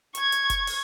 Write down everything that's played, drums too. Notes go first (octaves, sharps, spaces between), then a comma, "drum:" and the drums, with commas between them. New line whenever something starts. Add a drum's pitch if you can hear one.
C#6 G#6, drum: hi-hat
drum: hi-hat
drum: kick F1, hi-hat
drum: open hi-hat